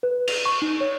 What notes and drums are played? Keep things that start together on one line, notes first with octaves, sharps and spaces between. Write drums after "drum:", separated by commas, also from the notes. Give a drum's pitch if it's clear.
B4
F7, drum: cymbal
C#6
D#4
C#5